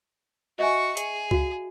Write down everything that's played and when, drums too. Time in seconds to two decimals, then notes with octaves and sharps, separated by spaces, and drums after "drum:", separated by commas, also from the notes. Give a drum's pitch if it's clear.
0.59 F#4 D#5 E5 G#5 C#6
0.97 G#4, drum: hi-hat
1.31 F#4 F5, drum: kick